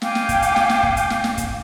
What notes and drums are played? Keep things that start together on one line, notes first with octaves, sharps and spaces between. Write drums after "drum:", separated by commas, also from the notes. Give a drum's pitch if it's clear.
F5 G5 G#5 D6, drum: snare
drum: snare
drum: kick, hi-hat
drum: hi-hat
drum: snare
drum: snare
drum: kick
drum: hi-hat
drum: snare
drum: snare
drum: kick, hi-hat